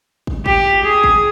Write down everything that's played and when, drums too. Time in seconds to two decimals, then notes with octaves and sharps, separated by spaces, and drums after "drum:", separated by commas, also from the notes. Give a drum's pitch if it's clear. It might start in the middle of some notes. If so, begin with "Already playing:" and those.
0.27 drum: kick
0.46 G4, drum: kick
0.85 G#4
1.04 drum: kick